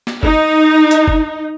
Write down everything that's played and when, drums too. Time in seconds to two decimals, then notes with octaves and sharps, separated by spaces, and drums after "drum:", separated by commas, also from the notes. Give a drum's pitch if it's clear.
0.07 drum: snare
0.23 D#4, drum: kick F#1
0.91 drum: hi-hat
1.08 drum: kick F#1